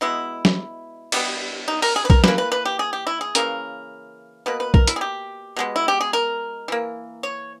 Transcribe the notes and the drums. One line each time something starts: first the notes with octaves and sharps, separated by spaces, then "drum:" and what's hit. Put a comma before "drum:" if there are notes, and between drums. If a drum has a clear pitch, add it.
B2 G#3 B3 E4
drum: snare F#3
B2 G3 B3, drum: cymbal
D#4
A#4, drum: open hi-hat
G#4
B4
A#4, drum: kick B1
E3 A#3 B4, drum: snare F#3
B4
B4
G4
G#4
G4
E4
G#4
C#3 E3 A#3 A#4, drum: hi-hat
B2 A#3 B4
B4
A#4, drum: kick B1
E4, drum: hi-hat
G#4
G4
B2 G#3 B3
E4
G4
G#4
A#4
E3 A#3
C#5